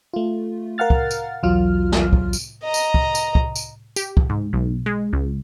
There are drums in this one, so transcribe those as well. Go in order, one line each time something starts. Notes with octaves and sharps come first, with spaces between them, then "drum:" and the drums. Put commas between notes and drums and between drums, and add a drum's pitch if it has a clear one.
A3 F4
A#4 F5 F#5 F6 A6
drum: kick
drum: tambourine
B1 E2 F#3 F4 F6
drum: snare
drum: kick
drum: tambourine
D#5 A#5
drum: tambourine
drum: kick
drum: tambourine
drum: kick
drum: tambourine
G4, drum: tambourine
drum: kick
G#2
B1
G#3
C#2